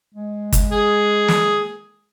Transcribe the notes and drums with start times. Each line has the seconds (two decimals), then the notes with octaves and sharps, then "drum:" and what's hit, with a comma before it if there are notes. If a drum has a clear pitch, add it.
0.15 G#3
0.52 drum: kick G1, hi-hat
0.72 G#4
1.28 drum: snare